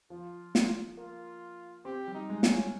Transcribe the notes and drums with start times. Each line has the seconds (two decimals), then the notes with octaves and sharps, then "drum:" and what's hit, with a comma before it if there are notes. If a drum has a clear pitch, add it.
0.10 F3 F4
0.55 drum: snare
0.97 A#3 F4
1.85 C4 G4
2.07 G3
2.14 D#4
2.30 G#3
2.43 C#4, drum: snare
2.51 G#3